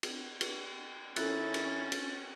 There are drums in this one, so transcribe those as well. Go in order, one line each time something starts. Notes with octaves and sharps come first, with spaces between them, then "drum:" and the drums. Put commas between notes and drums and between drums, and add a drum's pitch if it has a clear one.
drum: cymbal
drum: cymbal
D#3 C#4 E4 A4 F#6 A6, drum: cymbal
drum: cymbal
drum: cymbal